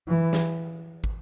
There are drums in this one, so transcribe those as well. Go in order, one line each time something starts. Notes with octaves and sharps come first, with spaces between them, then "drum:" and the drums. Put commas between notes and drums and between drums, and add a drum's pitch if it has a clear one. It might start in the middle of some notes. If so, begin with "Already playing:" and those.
E3
drum: snare
drum: kick